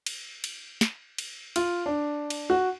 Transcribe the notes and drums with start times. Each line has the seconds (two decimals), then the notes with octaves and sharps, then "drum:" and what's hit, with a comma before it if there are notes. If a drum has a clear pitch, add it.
0.06 drum: cymbal
0.44 drum: cymbal
0.81 drum: snare
1.18 drum: cymbal
1.56 F4, drum: cymbal
1.86 D4
2.30 drum: cymbal
2.50 F#4